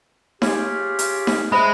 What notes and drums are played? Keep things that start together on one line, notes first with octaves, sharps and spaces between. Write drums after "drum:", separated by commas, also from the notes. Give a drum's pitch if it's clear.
F4 G4 G#4 C#5, drum: snare D#4
drum: hi-hat
drum: snare D#4
G#3 C5 E5 B5